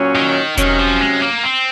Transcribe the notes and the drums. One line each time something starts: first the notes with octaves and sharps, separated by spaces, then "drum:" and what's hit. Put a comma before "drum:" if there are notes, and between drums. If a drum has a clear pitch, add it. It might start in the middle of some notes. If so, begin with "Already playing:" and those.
Already playing: A#2 F#3 C#4
D#3
C3 D#3 F#3 C#4, drum: kick E1, hi-hat
F3
G#3
A#3
C4